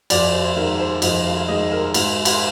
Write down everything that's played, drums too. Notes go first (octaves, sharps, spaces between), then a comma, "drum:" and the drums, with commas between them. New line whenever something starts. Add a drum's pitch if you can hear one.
F2 D5, drum: cymbal
D5
C5
D#3 G#3 A#4
C5
F2 D#5, drum: cymbal
F5
D#3 G#3 D#5
A#4
G#2, drum: cymbal
drum: cymbal